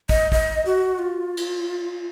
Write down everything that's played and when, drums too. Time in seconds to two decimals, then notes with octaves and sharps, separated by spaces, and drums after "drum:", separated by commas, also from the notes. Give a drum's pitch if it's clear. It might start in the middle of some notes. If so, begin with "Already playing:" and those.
0.09 D#5, drum: kick
0.32 D#5, drum: kick
0.66 F#4
0.99 F4
1.37 drum: cymbal